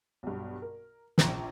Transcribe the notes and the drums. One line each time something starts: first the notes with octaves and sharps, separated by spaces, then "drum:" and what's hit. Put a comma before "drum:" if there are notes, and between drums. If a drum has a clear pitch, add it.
B1 G2
A#4
A#1 A#5, drum: snare